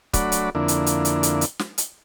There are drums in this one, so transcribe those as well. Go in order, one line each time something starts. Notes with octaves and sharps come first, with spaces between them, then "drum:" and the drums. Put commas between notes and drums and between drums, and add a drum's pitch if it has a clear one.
F#3 A3 D4 F#4 D5 B5, drum: kick, hi-hat
drum: hi-hat
F2 D3 A#3 D4 E4
drum: hi-hat
drum: hi-hat
drum: hi-hat
drum: hi-hat
drum: hi-hat
drum: snare
drum: hi-hat